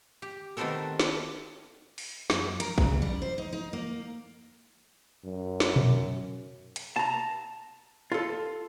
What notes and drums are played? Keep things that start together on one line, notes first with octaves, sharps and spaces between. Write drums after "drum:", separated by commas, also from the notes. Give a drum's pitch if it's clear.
G4
D#3 A3 B3 C4 A4 A#4
drum: snare
drum: open hi-hat
F#2, drum: snare
A#4, drum: hi-hat
C#3, drum: kick
G3
C5
D#4
D#4
A#3
F#2
drum: snare
drum: tom A#2
drum: hi-hat
A5 A#5
F4 A4